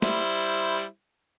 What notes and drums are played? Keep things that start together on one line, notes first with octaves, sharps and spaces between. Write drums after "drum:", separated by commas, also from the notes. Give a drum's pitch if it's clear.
G3 E4 C5, drum: snare